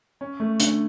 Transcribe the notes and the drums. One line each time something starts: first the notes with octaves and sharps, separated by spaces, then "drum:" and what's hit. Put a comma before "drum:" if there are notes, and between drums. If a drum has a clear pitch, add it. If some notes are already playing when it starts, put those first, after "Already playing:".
C#4
A3
D3, drum: hi-hat